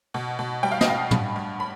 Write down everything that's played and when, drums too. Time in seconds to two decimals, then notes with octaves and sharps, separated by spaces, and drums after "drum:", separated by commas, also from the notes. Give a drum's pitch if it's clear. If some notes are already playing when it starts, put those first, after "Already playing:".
0.14 B2
0.39 B2
0.63 G3 G5
0.72 F5
0.81 D#5, drum: snare
0.87 B2 F5
1.11 G2 B5, drum: tom
1.36 G2
1.60 B5